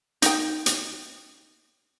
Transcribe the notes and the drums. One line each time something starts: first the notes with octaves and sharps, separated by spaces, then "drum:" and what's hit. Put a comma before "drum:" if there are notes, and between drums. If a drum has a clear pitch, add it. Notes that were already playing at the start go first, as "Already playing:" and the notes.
D#4 G5, drum: hi-hat
drum: hi-hat